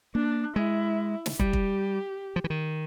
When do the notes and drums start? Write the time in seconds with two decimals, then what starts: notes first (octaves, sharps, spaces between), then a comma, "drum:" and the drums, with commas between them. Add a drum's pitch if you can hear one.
0.15 A#3 D4
0.56 G#3 E4
1.26 drum: snare
1.39 G3 G4, drum: kick
1.53 drum: kick
2.36 F3
2.44 E3
2.50 D#3